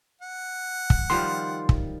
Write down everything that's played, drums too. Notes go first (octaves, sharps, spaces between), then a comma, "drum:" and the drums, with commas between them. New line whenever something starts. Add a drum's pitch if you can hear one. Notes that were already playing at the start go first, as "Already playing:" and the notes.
F#5
drum: kick
D#3 F3 G3 C6
drum: kick